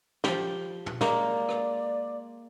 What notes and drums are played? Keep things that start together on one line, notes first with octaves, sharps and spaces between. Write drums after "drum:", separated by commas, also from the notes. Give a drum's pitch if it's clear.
F3 G4, drum: snare
drum: tom
G#3 A#3 D5, drum: snare
drum: rim click